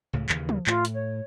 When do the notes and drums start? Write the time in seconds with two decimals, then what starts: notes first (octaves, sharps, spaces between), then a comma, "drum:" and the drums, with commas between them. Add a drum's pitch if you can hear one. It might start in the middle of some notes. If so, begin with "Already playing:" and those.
0.13 C#2 A2 C#3
0.29 D#2 C#3 E3, drum: clap
0.49 drum: tom
0.67 A2 F4, drum: clap
0.85 drum: hi-hat
0.94 C#5